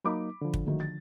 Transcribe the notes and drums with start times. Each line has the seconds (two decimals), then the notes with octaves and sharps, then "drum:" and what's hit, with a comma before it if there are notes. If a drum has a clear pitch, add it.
0.05 F#3 A#3 D#4 B5 D6
0.41 D3 F3
0.54 drum: kick
0.66 D#3 F#3 A3
0.80 A6